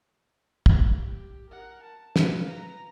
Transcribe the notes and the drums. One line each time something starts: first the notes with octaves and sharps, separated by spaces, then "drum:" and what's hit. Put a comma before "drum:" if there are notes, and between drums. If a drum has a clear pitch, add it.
drum: kick
G4
A#4 F#5
A5
B4 F5, drum: snare
A#5